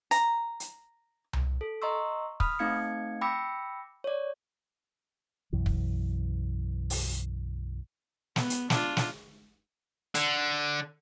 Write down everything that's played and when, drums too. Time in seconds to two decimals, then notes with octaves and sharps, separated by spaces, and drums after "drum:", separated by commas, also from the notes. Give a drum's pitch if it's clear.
0.11 A#5, drum: hi-hat
0.60 drum: hi-hat
1.33 drum: tom C2
1.61 A4
1.82 D#5 A#5 C6 C#6 E6
2.40 B5 D#6 F6, drum: kick
2.59 A3 C4 D#4 F5 G#6 C#7
3.21 G5 B5 D6 E6 A#6 C#7
4.04 C#5 D5
5.53 B1 F#2 E3
5.66 drum: kick
6.90 drum: open hi-hat
8.36 B3, drum: snare
8.50 drum: hi-hat
8.70 D4 F4, drum: snare
8.97 drum: snare
10.15 D3, drum: hi-hat